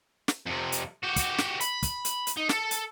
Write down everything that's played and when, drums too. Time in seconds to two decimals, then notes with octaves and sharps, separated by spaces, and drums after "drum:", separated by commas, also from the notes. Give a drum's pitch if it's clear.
0.28 drum: snare
0.46 F2 C3
0.72 drum: hi-hat
1.03 F#4 G4
1.16 drum: kick, hi-hat
1.38 drum: snare
1.60 B5, drum: hi-hat
1.83 drum: kick, hi-hat
2.05 drum: hi-hat
2.27 drum: hi-hat
2.37 D#4
2.49 A4, drum: snare
2.71 drum: hi-hat